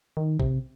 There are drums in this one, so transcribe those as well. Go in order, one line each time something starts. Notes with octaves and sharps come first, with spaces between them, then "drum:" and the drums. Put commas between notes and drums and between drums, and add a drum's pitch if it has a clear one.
D#3
C3, drum: kick